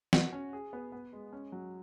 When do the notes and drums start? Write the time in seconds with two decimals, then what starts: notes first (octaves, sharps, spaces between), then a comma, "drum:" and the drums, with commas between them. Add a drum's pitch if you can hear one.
0.13 F#4, drum: snare
0.33 C#4
0.53 G#4
0.73 B3
0.92 B3
1.13 G#3
1.33 C#4
1.52 F#3